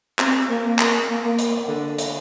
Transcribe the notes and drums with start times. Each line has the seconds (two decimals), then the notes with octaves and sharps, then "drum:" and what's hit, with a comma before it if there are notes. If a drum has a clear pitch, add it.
0.19 C4, drum: clap
0.49 A#3
0.79 drum: clap
1.09 A#3
1.39 drum: hi-hat
1.68 D3
1.98 drum: hi-hat